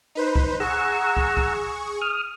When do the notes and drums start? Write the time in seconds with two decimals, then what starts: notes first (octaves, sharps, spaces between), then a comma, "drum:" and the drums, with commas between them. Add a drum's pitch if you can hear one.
0.15 D#4 B4 C5
0.36 drum: kick
0.60 G#4 F#5 A#5 C#6 E6
1.17 drum: kick
1.37 drum: kick
2.01 D#6 F6